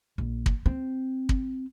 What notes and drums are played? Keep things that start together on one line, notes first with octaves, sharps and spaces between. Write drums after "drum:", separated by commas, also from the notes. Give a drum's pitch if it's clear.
A#1
drum: kick
C4
drum: kick